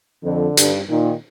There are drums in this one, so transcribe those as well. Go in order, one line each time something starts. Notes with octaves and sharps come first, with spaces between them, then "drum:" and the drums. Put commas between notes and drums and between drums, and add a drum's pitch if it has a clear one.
F2 D3
G2, drum: hi-hat
A#2 D#3